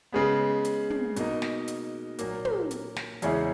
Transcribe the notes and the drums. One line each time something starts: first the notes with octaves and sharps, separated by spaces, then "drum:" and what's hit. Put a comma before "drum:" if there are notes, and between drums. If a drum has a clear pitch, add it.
C#3 G#3 B3
drum: hi-hat
drum: tom
B2 A#3 D#4, drum: hi-hat
drum: snare
drum: hi-hat
A#2 F#3 A#3, drum: hi-hat
drum: tom
drum: hi-hat
drum: snare
E2 C#3 G#3 C#4 E4, drum: hi-hat